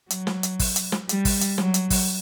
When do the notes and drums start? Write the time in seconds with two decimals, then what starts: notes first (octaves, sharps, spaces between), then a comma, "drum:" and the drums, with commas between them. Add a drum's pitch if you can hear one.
0.10 F#3, drum: hi-hat
0.27 drum: snare
0.43 drum: hi-hat
0.59 drum: kick, open hi-hat
0.76 drum: hi-hat
0.92 drum: snare
1.09 G3, drum: hi-hat
1.25 drum: kick, open hi-hat
1.41 drum: hi-hat
1.58 F#3, drum: snare
1.74 drum: hi-hat
1.90 drum: kick, open hi-hat